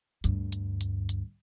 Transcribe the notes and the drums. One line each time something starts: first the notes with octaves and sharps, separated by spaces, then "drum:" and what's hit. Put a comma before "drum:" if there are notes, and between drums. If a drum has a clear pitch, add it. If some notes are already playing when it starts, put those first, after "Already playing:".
D2 G2, drum: hi-hat
drum: hi-hat
drum: hi-hat
drum: hi-hat